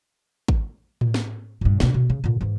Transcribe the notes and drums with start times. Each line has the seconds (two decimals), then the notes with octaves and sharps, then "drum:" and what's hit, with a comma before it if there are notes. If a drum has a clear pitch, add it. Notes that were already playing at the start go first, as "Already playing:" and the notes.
0.48 drum: kick G#1
1.01 drum: tom A2
1.14 drum: snare
1.61 G2 A#2
1.80 B2 D4, drum: snare
1.94 B2
2.10 C#3
2.24 A#2 D3
2.41 G#2 E3